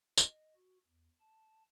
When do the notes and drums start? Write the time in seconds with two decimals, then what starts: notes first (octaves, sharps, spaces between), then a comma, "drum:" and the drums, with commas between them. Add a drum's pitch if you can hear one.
0.17 D#5, drum: tambourine
0.55 F#4
0.87 E2
1.20 A5